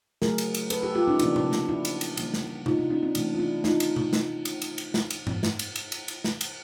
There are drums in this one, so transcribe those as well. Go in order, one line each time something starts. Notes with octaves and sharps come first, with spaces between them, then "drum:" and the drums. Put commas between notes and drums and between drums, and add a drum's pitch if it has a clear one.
C#3 F#3 A3 G#4 A#4, drum: snare
drum: cymbal
drum: cymbal
A4 B4, drum: cymbal
G4 A4
F4 G4
C#4 D#4
C#3 F3 A#3 D4 E4, drum: cymbal
drum: tom C3
drum: snare
D4 E4
drum: cymbal
drum: cymbal
C#3 E3 G3 A#3, drum: cymbal
drum: snare
D#4 F4, drum: tom C3
D4 E4
C#4 D#4
C4 D4
C3 E3 A3, drum: cymbal
F4
D4 E4
D#4 F4, drum: snare
drum: cymbal
drum: tom C3
drum: snare
drum: cymbal
drum: cymbal
drum: cymbal
drum: snare
drum: cymbal
drum: tom G#2
drum: snare
drum: cymbal
drum: cymbal
drum: cymbal
drum: cymbal
drum: snare
drum: cymbal